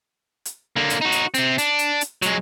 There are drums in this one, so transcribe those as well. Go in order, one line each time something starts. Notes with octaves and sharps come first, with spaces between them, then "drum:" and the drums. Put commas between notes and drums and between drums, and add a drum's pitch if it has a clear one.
drum: hi-hat
D3 A#3
drum: hi-hat
D#4 F#4
drum: hi-hat
C3 C4, drum: hi-hat
D4, drum: hi-hat
drum: hi-hat
drum: hi-hat
F#3 G#3, drum: hi-hat